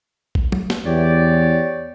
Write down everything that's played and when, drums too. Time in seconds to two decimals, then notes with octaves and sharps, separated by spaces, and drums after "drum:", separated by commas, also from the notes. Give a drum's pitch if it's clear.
0.35 drum: kick
0.52 drum: tom
0.70 drum: snare
0.86 E2 G4 C#5 D5